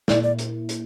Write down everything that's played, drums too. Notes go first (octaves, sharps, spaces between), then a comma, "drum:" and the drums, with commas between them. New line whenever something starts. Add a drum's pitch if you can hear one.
A#2 A#3 E4 D5, drum: snare
D5
drum: hi-hat
drum: hi-hat